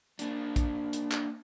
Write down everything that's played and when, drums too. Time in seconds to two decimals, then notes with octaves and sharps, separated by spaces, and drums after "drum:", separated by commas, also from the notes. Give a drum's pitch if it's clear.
0.19 A#3 D4, drum: hi-hat
0.56 drum: kick, hi-hat
0.93 drum: hi-hat
1.12 drum: clap